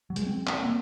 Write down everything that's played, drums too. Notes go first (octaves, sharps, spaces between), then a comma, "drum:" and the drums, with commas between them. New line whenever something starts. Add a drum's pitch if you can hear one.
F#3
G#3, drum: hi-hat
C4
C4, drum: clap
A#3